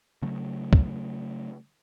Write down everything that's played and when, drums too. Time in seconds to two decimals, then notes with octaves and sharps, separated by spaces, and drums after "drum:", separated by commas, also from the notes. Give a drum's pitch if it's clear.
0.22 C#3 F#3 A3
0.73 drum: kick